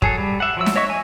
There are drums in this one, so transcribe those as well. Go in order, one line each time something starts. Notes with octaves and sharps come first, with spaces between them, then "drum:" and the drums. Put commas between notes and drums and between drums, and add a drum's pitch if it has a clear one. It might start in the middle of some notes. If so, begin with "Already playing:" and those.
F#3 G#4 A4, drum: kick
G3
E5 F#5
F3 F#3 E6
drum: snare
C#5 D#5 E5 C#6
G#5